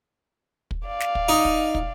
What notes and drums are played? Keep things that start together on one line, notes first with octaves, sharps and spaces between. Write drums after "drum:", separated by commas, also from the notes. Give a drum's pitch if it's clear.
drum: kick
D5 F5
drum: snare
drum: kick
D#4
drum: kick
drum: kick